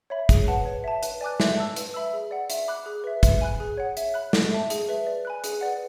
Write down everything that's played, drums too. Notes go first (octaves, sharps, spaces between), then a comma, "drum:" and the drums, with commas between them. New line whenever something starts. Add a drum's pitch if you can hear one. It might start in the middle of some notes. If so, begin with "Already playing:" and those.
C#5 E5 B5
G#4, drum: kick, hi-hat
B4 F#5 A5
C#5
E5 A5
B4, drum: hi-hat
D5 G#5 D6 F#6
E5, drum: snare
A5 E6
B4, drum: hi-hat
E5 B5 E6
G#4
D5 F#5
E5, drum: hi-hat
B5 D6 F#6
G#4
B4 E5
E5, drum: kick, hi-hat
G#5 B5 F#6
G#4
C#5 F#5
E5, drum: hi-hat
B5 F#6
A4, drum: snare
E5 A5
G#4, drum: hi-hat
B4 E5
D5
G#5 B5 F#6
G#4, drum: hi-hat
B4 D5 F#5